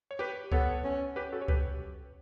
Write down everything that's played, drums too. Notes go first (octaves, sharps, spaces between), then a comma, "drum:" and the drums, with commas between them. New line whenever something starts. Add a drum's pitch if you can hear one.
C#5
G4 B4
B3 A4 C#5, drum: kick C#2
C#4
G4 B4
F#4 A4
C#5
G4 B4, drum: kick C#2